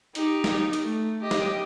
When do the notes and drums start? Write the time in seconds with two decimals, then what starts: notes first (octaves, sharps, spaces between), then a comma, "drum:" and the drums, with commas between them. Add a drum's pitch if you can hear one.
0.15 D#4 G4, drum: hi-hat
0.44 drum: snare
0.73 drum: hi-hat
0.83 A3
1.22 G4 D#5
1.31 drum: snare